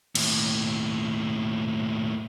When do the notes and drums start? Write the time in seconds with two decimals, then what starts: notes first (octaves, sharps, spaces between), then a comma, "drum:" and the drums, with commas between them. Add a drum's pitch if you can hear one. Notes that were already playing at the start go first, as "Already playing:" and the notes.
0.15 D#2 A2, drum: cymbal